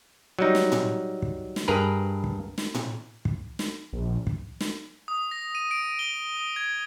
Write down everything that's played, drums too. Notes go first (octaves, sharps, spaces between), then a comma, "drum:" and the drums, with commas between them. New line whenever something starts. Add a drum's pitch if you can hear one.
F#3 G3 D#4
drum: snare
drum: tom A2
drum: kick
drum: snare
G2 G#4 A#4 B4
drum: kick
drum: snare
drum: tom A2
drum: kick
drum: snare
A#1
drum: kick
drum: snare
D#6
A#6
D#7
D7
G7
D#6
G#6